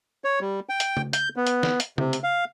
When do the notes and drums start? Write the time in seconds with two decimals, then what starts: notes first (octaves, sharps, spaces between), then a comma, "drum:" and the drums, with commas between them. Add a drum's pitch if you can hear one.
0.24 C#5
0.41 G3
0.69 G5
0.80 drum: hi-hat
0.97 drum: tom C#3
1.13 G6, drum: hi-hat
1.36 B3
1.47 drum: hi-hat
1.63 drum: snare
1.80 drum: hi-hat
1.98 C3, drum: tom C#3
2.13 drum: hi-hat
2.24 F5